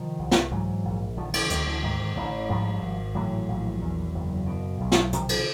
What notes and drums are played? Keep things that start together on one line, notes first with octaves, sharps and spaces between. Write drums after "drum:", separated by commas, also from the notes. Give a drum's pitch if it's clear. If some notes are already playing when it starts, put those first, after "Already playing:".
Already playing: C3 D#3 F3
C2
drum: snare
G#2 E3 F#3
A#1
D3 D#3 F3
D3 E3, drum: cymbal
D2 D#3, drum: hi-hat
D3 E3
G#2 D#3
D#3
A1 D3 E3
G#2 F3 G3
G#1
A2 E3 F#3
A#1
E2
F#1
B2
B1
drum: snare
C3 D#3 F3, drum: hi-hat
D3 E3, drum: cymbal